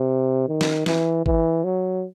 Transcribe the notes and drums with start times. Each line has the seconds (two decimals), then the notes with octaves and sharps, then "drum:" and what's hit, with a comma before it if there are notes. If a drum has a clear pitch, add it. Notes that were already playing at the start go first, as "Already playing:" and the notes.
Already playing: C3
0.48 D#3
0.61 drum: snare
0.86 E3, drum: snare
1.26 E3, drum: kick
1.64 F#3